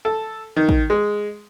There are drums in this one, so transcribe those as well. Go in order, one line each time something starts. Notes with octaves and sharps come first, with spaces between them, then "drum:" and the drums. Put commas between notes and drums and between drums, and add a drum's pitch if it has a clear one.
A4
D#3
drum: kick
G#3